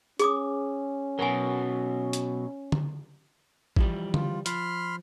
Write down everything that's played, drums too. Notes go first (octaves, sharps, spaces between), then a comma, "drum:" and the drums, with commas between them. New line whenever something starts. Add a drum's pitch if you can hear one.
C#4 G#4 D6 D#6, drum: hi-hat
B2 F#3 A#4 G#5
drum: hi-hat
drum: tom D3
E3 F3 G3, drum: kick
F4, drum: tom D3
F3 B5 C6 F6, drum: hi-hat